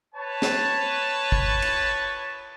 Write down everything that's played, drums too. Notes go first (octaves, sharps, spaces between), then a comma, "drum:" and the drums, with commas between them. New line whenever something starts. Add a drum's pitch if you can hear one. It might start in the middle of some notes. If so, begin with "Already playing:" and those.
B4 C#5 A5
drum: snare
drum: kick
drum: cymbal